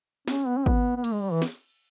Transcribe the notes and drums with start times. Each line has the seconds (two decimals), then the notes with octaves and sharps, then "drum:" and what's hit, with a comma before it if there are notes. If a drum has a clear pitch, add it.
0.28 C#4, drum: snare
0.47 B3
0.57 C#4
0.66 B3, drum: kick
0.97 B3
1.04 A#3, drum: cymbal
1.13 G#3
1.22 G3
1.32 E3
1.42 drum: snare